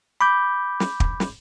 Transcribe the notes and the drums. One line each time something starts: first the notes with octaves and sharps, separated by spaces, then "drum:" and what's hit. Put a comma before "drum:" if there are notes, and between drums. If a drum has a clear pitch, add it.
B5 D6 G6
drum: snare
drum: kick
drum: snare